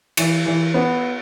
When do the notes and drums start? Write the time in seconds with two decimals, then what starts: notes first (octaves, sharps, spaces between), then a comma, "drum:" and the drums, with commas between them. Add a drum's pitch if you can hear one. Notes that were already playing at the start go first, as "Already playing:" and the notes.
0.17 E3, drum: cymbal
0.46 E3
0.74 B3